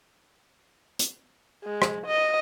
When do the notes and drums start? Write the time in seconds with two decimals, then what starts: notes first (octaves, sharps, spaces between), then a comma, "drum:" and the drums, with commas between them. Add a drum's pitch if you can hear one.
0.99 drum: hi-hat
1.64 G#3
1.82 drum: rim click
2.06 D#5